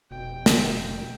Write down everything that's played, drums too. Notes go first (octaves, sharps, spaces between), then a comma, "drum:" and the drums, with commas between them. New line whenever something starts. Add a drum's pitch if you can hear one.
F1 B2 G5
drum: snare